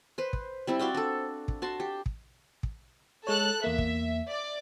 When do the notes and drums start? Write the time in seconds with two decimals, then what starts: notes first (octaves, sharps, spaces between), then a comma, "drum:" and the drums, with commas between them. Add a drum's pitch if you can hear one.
0.18 B4 C5
0.33 drum: kick
0.67 G3 C4 E4
0.79 F#4 D5 F5 G5
0.94 D4 A4
1.48 drum: kick
1.62 F#4 A5 C6
1.80 G4
2.06 drum: kick
2.63 drum: kick
3.27 G#3 A4 C#5 F#6
3.64 E2 A#3 E5
3.78 drum: kick
4.28 D5